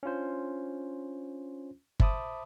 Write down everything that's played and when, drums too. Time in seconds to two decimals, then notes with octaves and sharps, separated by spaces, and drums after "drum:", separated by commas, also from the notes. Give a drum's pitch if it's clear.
0.03 C#4 D4 F4 C5
2.00 C5 E5 A5 B5 D6 D#6, drum: kick G1